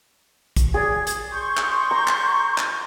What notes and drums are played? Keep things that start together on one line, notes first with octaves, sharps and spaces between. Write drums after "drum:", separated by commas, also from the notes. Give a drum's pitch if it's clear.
drum: kick, hi-hat
G#4 D5 G#6
drum: hi-hat
C6 C#6 G6
drum: clap
A#5
drum: clap
drum: clap